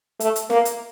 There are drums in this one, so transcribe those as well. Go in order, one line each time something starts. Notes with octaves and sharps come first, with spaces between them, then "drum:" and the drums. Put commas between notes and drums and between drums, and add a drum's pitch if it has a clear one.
A3, drum: hi-hat
drum: hi-hat
A#3, drum: snare
drum: hi-hat